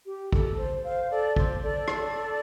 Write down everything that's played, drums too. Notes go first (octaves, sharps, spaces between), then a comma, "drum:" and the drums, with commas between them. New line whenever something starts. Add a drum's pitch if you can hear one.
G4
A4, drum: kick
C5
C5 F5
A4 D5
C5, drum: kick
A4 D5
drum: rim click